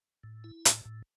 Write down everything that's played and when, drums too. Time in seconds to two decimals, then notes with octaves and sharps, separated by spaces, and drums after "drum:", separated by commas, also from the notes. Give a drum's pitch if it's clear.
0.24 A2
0.44 E4
0.65 A2, drum: hi-hat
0.85 A2